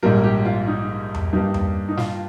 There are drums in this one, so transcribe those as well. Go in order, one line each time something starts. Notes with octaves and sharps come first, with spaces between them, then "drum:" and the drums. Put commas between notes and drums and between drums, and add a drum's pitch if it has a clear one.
A#1 G#2 G3 A#3 A#4
G4
F4
D#4
drum: tom E2
G2 G3 A#3 D#4
drum: tom E2
D#4
F4, drum: snare